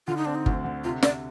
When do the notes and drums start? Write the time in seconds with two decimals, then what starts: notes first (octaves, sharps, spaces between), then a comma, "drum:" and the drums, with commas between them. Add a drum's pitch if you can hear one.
0.07 D3 F4
0.17 D#4
0.25 C4 D4
0.35 D#4
0.46 D2, drum: kick G1
0.64 D3
0.84 C3 F4
1.03 C3 D5, drum: snare